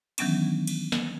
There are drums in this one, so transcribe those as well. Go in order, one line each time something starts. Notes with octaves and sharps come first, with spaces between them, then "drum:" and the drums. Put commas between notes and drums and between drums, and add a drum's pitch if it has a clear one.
D#3 E3 F#3 B3 C#4 D4, drum: cymbal
drum: cymbal
drum: snare